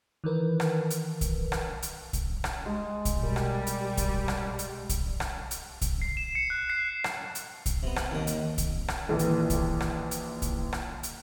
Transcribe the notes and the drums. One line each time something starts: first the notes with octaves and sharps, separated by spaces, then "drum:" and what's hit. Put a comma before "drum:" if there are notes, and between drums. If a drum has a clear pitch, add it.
D#3 E3 A#4 B4
drum: rim click
drum: hi-hat
drum: kick, hi-hat
drum: rim click
drum: hi-hat
drum: kick, hi-hat
drum: rim click
G#3
drum: kick, hi-hat
B2 G3 A#4
drum: rim click
drum: hi-hat
drum: kick, hi-hat
drum: rim click
drum: hi-hat
drum: kick, hi-hat
drum: rim click
drum: hi-hat
drum: kick, hi-hat
C7
E7
C#7
F#6
C7
drum: rim click
drum: hi-hat
drum: kick, hi-hat
C3 B3
drum: rim click
D#2 D#3
drum: hi-hat
drum: kick, hi-hat
drum: rim click
A#1 D#2 E3
drum: hi-hat
drum: kick, hi-hat
drum: rim click
drum: hi-hat
drum: kick, hi-hat
drum: rim click
drum: hi-hat